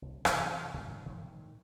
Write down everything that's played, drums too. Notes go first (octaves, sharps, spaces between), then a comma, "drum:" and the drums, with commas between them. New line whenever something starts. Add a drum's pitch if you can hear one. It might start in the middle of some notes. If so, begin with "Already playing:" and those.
C2
C3 E3 B3 C4, drum: rim click
G#2 D#3 G3 C#4
A2 D#3 F3